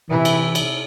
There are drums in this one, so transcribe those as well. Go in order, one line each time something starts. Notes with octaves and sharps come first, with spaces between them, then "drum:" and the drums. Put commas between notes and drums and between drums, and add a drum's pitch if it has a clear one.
C3 E3 E4
drum: cymbal
drum: cymbal